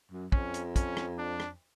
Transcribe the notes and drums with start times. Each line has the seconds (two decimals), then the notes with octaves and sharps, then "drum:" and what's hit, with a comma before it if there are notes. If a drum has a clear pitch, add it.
0.12 F#2
0.32 F2 C#4, drum: kick
0.54 drum: hi-hat
0.76 C#4, drum: kick, hi-hat
0.97 drum: rim click
1.18 D4
1.40 drum: rim click